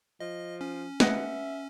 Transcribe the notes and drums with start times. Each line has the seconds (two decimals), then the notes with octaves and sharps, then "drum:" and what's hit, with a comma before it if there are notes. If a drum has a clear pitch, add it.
0.20 F3 D#5
0.61 C#4
1.00 B4 D#5 E5 F#5, drum: snare